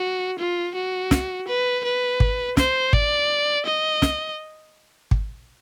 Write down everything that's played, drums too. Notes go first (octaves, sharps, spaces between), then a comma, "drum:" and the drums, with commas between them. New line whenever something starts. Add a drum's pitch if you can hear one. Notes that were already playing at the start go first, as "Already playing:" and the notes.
Already playing: F#4
F4
F#4
drum: snare
B4
B4
drum: kick
C5, drum: snare
D5, drum: kick
D#5
drum: snare
drum: kick